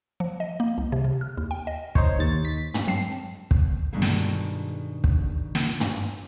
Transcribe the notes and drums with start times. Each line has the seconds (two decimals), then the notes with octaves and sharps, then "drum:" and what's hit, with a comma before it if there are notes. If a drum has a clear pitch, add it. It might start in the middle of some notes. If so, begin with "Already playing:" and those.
0.20 F3
0.40 D#5
0.60 A#3
0.78 C2
0.92 C3
1.04 C3
1.21 F6
1.38 D#2
1.51 G5
1.67 D#5
1.95 D#4 C5 C#5, drum: kick
2.19 D#2 A6
2.45 B6
2.74 drum: tom
2.87 F#3 G#3 C4 A5 C7
3.51 drum: kick
3.93 G2 B2 D#3 G#3 G#4 A4
4.02 drum: snare
5.04 drum: kick
5.55 drum: snare
5.80 drum: tom